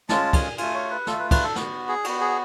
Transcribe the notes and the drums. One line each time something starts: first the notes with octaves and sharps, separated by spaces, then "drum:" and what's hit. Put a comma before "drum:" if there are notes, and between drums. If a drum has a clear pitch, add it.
G#3 C#4 F4 A5, drum: snare
G#5, drum: kick, cymbal
A3 F4 G#5, drum: cymbal
C#5
B4
A3 F4 A4, drum: snare
B4
B4, drum: kick, cymbal
A4
B3 F#4, drum: snare
G#4
B3 F#4, drum: cymbal
G#4